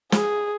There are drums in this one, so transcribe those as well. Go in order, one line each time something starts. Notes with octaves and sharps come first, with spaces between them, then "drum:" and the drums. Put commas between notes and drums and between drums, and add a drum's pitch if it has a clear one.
G#4, drum: snare